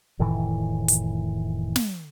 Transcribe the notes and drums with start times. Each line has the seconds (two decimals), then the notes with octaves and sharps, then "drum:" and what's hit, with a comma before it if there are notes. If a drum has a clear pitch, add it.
0.19 F1 A2 D#3 E3
0.88 drum: hi-hat
1.76 drum: snare